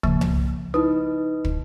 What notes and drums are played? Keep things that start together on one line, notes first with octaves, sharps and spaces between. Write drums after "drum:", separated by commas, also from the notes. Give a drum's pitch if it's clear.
C#3 F3 A#3, drum: kick
drum: tom C2
D#4 E4 B4
drum: kick